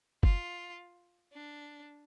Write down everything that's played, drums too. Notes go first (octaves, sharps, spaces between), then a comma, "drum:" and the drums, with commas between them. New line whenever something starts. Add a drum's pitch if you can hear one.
F4, drum: kick F#1
D4